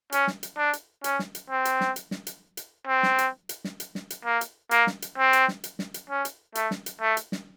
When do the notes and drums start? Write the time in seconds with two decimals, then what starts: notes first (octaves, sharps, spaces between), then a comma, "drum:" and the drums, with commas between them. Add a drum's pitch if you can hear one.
0.12 C#4, drum: hi-hat
0.27 drum: snare
0.43 drum: hi-hat
0.58 D4
0.73 drum: hi-hat
1.04 C#4, drum: hi-hat
1.19 drum: snare
1.35 drum: hi-hat
1.50 C4
1.65 drum: hi-hat
1.81 drum: snare
1.96 drum: hi-hat
2.11 drum: snare
2.27 drum: hi-hat
2.57 drum: hi-hat
2.87 C4
3.03 drum: snare
3.18 drum: hi-hat
3.49 drum: hi-hat
3.64 drum: snare
3.80 drum: hi-hat
3.95 drum: snare
4.10 drum: hi-hat
4.25 A#3
4.41 drum: hi-hat
4.71 A#3, drum: hi-hat
4.87 drum: snare
5.02 drum: hi-hat
5.18 C4
5.33 drum: hi-hat
5.48 drum: snare
5.64 drum: hi-hat
5.79 drum: snare
5.94 drum: hi-hat
6.10 C#4
6.25 drum: hi-hat
6.55 A3, drum: hi-hat
6.71 drum: snare
6.86 drum: hi-hat
7.01 A3
7.17 drum: hi-hat
7.32 drum: snare